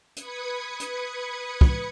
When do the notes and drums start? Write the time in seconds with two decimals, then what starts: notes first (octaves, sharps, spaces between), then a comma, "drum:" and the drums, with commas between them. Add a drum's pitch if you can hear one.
0.16 B4 B5 D#6 G#6 C#7, drum: hi-hat
0.80 drum: hi-hat
1.61 drum: kick